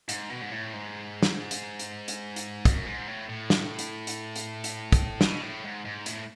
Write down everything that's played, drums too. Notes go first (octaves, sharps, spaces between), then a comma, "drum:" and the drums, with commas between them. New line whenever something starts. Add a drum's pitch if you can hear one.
G#2, drum: hi-hat
B2
G#2
A2
G#2
drum: snare
drum: hi-hat
drum: hi-hat
drum: hi-hat
drum: hi-hat
F#2, drum: kick, hi-hat
G#2
A2
A2
drum: snare
drum: hi-hat
drum: hi-hat
drum: hi-hat
drum: hi-hat
drum: kick, hi-hat
B2, drum: snare
A2
G#2
G#2
A2, drum: hi-hat